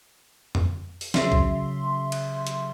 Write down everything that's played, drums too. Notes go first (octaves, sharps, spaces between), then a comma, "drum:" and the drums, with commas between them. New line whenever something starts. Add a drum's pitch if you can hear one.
drum: tom F2
drum: open hi-hat
C#3 F#3 E5 C6, drum: snare
drum: kick A#1
drum: cymbal
drum: hi-hat